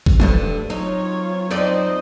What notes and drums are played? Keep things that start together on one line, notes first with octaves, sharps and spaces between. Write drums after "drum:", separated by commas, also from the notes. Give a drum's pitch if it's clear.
drum: kick
E1 D2 G2 D3, drum: tom
F#3 C4 D#4 F4 C#5
F2 C4 D#4 C5 D5 D#5